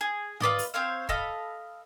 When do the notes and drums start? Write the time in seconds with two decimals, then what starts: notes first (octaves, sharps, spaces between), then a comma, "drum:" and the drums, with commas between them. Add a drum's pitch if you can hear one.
0.01 G#4
0.40 F4 B4 D5 D#5, drum: tom G#2
0.59 drum: open hi-hat
0.74 C4 C5 C#5 F5
1.09 A4 D#5 F5 B5, drum: kick